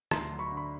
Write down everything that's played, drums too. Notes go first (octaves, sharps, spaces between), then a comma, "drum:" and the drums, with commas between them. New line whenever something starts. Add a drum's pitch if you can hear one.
D2 A#5 C6, drum: rim click
F#3
B5 C#6
D3
B5